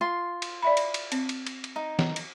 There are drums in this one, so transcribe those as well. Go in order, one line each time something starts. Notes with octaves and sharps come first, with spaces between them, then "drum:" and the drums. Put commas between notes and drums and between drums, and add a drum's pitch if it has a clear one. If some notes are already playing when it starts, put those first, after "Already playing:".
F4 C6
drum: cymbal
D5 E5 B5
drum: cymbal
drum: cymbal
C4, drum: cymbal
drum: cymbal
drum: cymbal
drum: cymbal
D#4
drum: snare
drum: cymbal